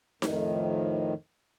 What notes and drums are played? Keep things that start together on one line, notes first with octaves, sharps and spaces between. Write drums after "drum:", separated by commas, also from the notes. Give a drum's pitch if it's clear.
F2 A2 D#3, drum: snare D#4